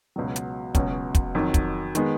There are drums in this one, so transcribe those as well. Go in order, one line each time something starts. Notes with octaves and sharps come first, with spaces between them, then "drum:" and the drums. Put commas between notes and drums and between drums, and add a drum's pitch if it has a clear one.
C#2 B2 F#3
drum: hi-hat
C#2 B2 F#3 C#4, drum: kick, hi-hat
drum: kick, hi-hat
F2 D#3 F#3
drum: kick, hi-hat
D#3 G#3 B3, drum: hi-hat